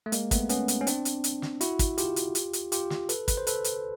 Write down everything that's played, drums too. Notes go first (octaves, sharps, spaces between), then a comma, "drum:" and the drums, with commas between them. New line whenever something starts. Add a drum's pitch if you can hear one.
A3
G#3 A#3, drum: hi-hat
A3 B3, drum: kick, hi-hat
B3 C#4, drum: hi-hat
drum: hi-hat
C#4
C4 D4, drum: hi-hat
drum: hi-hat
drum: hi-hat
drum: snare
E4 F#4, drum: hi-hat
drum: kick, hi-hat
F4 G4, drum: hi-hat
drum: hi-hat
drum: hi-hat
drum: hi-hat
F4 G4, drum: hi-hat
drum: snare
A4 B4, drum: hi-hat
B4, drum: kick, hi-hat
C5
A4 B4, drum: hi-hat
drum: hi-hat